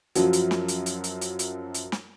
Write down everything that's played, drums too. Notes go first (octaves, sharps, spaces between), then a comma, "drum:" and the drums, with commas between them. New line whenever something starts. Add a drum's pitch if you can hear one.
F#2 F3 F#3, drum: hi-hat
drum: hi-hat
drum: snare
drum: hi-hat
drum: hi-hat
drum: hi-hat
drum: hi-hat
drum: hi-hat
drum: hi-hat
drum: snare